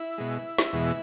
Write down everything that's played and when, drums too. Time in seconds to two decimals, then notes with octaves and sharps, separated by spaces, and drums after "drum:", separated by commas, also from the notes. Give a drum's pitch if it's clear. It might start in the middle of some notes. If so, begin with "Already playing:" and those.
Already playing: E4
0.18 B2 G#3
0.58 drum: snare
0.73 E2 B2 G#3